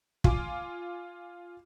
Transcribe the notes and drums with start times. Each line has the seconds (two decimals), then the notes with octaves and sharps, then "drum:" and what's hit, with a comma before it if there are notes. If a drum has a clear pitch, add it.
0.24 F4 G#5 D6, drum: kick